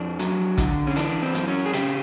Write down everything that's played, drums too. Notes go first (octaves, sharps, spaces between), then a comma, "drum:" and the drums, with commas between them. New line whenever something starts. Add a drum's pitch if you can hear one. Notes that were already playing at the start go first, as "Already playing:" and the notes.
Already playing: F2 D4
F#3, drum: hi-hat
D3, drum: kick A1, hi-hat
C#4
E3 D4, drum: hi-hat
C4
F#2, drum: hi-hat
C#4
G#4
C#3 G4, drum: hi-hat